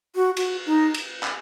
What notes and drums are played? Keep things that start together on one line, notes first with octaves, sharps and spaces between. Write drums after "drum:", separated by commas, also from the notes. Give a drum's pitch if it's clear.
F#4
F#4, drum: cymbal
D#4
drum: cymbal
drum: clap